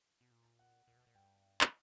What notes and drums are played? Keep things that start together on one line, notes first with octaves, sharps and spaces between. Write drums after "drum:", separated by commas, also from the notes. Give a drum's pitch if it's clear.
B2
A#2
F#5
A#2
B2
A#2
G2 G5
drum: clap